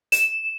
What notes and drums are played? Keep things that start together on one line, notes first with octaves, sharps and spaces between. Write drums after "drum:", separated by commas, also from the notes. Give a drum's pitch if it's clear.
E7, drum: hi-hat